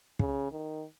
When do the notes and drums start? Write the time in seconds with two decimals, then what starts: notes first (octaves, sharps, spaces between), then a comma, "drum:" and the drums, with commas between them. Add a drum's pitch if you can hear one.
0.19 C#3, drum: kick
0.52 D#3